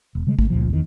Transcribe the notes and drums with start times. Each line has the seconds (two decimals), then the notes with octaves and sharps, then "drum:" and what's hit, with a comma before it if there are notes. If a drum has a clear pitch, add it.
0.15 E1
0.27 C#3 G3 G#3
0.39 A3, drum: kick
0.50 C#2 A#2 F3
0.70 E2 D#3